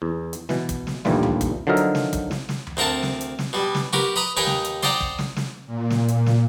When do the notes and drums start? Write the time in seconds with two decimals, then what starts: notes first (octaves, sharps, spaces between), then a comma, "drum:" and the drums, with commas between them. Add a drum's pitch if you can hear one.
0.02 E2
0.33 drum: hi-hat
0.49 B2 E3, drum: snare
0.69 drum: kick, hi-hat
0.87 drum: snare
1.05 A#1 D#2 A2 E3 G3 F4, drum: snare
1.23 drum: tom D2
1.41 drum: kick, hi-hat
1.67 D3 F3 F#3 D#4 A#4 E5
1.77 drum: hi-hat
1.95 drum: snare
2.13 drum: kick, hi-hat
2.31 drum: snare
2.49 drum: snare
2.67 drum: tom D2
2.77 D2 C4 A#4 F#5 A5
3.03 drum: snare
3.21 drum: hi-hat
3.39 drum: snare
3.53 B2 G3
3.75 drum: snare
3.93 F#4 G4 A#4 B4, drum: snare
4.16 B4 D#5 A#5 B5
4.37 D#2 D#4 B4 G5 G#5 A#5
4.47 drum: snare
4.65 drum: hi-hat
4.83 C5 D5 D#5 F#5 G5 A#5, drum: snare
5.00 drum: kick
5.18 drum: snare
5.36 drum: snare
5.66 A#2
5.90 drum: snare
6.08 drum: hi-hat
6.26 drum: snare